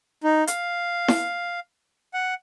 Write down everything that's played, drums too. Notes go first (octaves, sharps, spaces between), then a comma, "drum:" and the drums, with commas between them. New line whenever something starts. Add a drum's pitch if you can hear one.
D#4
F5, drum: hi-hat
drum: snare E4
F#5